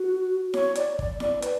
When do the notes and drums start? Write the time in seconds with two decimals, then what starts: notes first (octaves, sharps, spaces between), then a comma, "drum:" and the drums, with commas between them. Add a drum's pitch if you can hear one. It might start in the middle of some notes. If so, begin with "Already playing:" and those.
Already playing: F#4
0.54 C#5, drum: snare E4
0.75 D5, drum: hi-hat
0.99 D5, drum: kick
1.20 D5, drum: snare E4
1.42 B4, drum: hi-hat